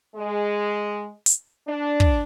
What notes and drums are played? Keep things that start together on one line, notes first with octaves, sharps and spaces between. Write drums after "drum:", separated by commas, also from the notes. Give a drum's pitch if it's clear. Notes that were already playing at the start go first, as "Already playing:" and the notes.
G#3
drum: hi-hat
D4
drum: kick